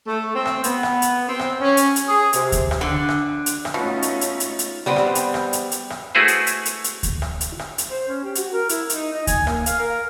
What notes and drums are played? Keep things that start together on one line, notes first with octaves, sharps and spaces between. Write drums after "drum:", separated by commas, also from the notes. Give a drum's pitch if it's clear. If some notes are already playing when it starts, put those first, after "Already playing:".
A3
C4
drum: rim click
B3, drum: hi-hat
drum: rim click
drum: hi-hat
C4
drum: rim click
C#4
drum: hi-hat
drum: hi-hat
G#4
C3, drum: hi-hat
drum: kick D2, hi-hat
drum: rim click
D3
drum: rim click
drum: hi-hat
drum: rim click
B2 A3 C#4 D#4 F4
drum: hi-hat
drum: hi-hat
drum: hi-hat
drum: hi-hat
G3 B3 C4
drum: rim click
drum: hi-hat
drum: rim click
drum: hi-hat
drum: hi-hat
drum: rim click
A3 E4 F#4 G#4 B4 C5
drum: hi-hat
drum: hi-hat
drum: hi-hat
drum: hi-hat
drum: kick D2, hi-hat
drum: rim click
drum: hi-hat
drum: rim click
drum: hi-hat
C5
C#4
G4
F#4, drum: hi-hat
A#4
E4, drum: hi-hat
D#4, drum: hi-hat
D#5
G#5, drum: kick D2, hi-hat
A#3, drum: rim click
F5, drum: hi-hat
A#4